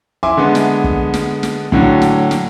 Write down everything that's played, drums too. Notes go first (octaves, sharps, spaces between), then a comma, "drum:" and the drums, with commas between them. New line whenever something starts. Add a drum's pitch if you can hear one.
E4 G#5 C6 D6
D3 G#3 B3
drum: snare
drum: kick
drum: snare
drum: snare
A2 D3 F#3, drum: kick
drum: snare
drum: snare